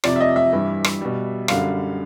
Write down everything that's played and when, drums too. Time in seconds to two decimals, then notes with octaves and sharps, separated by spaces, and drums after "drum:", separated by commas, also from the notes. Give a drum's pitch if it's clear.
0.04 F2 C3 F3 D5, drum: rim click
0.16 E5
0.20 D#5
0.36 E5
0.52 G2 E3 G3
0.84 drum: rim click
1.01 B2 G3
1.48 F#2 D3 G3 F5, drum: rim click